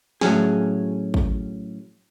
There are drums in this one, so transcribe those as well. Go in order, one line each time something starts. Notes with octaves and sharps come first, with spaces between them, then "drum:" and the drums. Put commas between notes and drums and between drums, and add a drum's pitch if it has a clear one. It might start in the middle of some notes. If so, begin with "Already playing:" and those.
A2 F#3 C#4 G#4, drum: snare
drum: kick